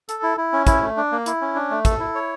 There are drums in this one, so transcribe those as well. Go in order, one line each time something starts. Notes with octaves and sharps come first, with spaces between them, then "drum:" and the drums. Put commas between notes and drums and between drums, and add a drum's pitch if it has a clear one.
A4, drum: hi-hat
E4
E4
C#4
E4, drum: kick, hi-hat
A3
D4
A#3
E4, drum: hi-hat
C#4
D4
A3
A4, drum: kick, hi-hat
E4
C#5